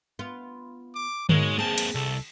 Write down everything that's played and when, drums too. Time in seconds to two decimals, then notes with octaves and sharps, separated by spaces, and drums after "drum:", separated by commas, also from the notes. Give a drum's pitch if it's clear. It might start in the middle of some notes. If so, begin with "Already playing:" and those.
0.19 B3 F4
0.95 D6
1.29 G#2 B2 G#3 A#3 C#5, drum: tom D3
1.59 A#3 C4 G#4 A5
1.78 drum: cymbal
1.95 C2 A4